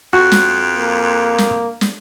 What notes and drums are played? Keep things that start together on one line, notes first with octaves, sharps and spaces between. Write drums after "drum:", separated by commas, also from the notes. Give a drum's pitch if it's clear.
F2 F#4 F#6
drum: snare
A#3
drum: snare
drum: snare